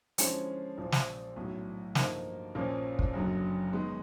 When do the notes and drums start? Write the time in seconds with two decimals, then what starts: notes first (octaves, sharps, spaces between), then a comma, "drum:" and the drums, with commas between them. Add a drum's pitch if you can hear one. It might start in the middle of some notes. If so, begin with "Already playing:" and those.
0.18 D3 F3 G#3 C#4 E4, drum: hi-hat
0.78 A#1 A#2 F3
0.92 drum: snare
1.36 B1 A2 F#3
1.95 G2 D3 F3 A#3 D#4, drum: snare
2.55 A#1 A#2 F3 A#3 C#4
2.99 drum: kick
3.13 F#1 F#2 D3 F#3
3.73 D#3 G#3 B3